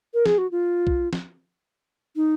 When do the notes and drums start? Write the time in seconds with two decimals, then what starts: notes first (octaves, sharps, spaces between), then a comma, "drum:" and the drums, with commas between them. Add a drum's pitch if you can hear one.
0.14 A#4
0.26 G#4, drum: snare
0.38 F#4
0.51 F4
0.87 drum: kick
1.13 drum: snare
2.16 D#4